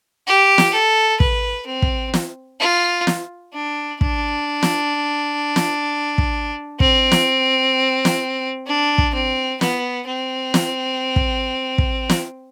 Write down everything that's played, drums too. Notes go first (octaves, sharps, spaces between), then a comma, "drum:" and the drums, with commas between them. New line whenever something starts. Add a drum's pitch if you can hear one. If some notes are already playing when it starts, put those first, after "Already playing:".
G4
drum: snare
A4
B4, drum: kick
C4
drum: kick
drum: snare
F4
drum: snare
D4
D4, drum: kick
drum: snare
drum: snare
drum: kick
C4, drum: kick
drum: snare
drum: snare
D4
drum: kick
C4
B3, drum: snare
C4
drum: snare
drum: kick
drum: kick
drum: snare